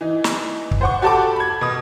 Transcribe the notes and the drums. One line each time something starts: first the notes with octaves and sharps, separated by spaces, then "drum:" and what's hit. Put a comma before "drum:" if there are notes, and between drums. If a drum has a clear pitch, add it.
E3 D#4
drum: snare
drum: kick
C5 F#5 C#6
F#4 G4 A4 A5 B5 D6
B5 G#6
B2 D#6